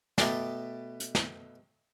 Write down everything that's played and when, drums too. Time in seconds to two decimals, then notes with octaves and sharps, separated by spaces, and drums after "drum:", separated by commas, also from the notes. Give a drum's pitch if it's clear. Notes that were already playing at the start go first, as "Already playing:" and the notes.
0.18 B2 A3 B3 G4 A5 D6, drum: snare
1.00 drum: hi-hat
1.15 drum: snare